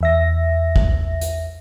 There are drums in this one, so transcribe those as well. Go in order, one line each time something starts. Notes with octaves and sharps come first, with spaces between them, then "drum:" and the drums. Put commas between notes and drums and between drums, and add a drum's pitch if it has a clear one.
E2 E5 A#6
drum: kick A1
drum: hi-hat